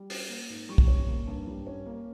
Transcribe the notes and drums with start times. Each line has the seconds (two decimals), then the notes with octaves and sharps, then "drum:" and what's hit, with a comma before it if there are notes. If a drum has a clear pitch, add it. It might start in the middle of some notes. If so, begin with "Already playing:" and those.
Already playing: G3
0.10 C#4, drum: open hi-hat
0.29 A#3
0.49 G#2
0.69 G3 C#6
0.78 drum: kick
0.87 C#4
1.07 A#3
1.27 G2
1.47 G3
1.67 C#4
1.86 A#3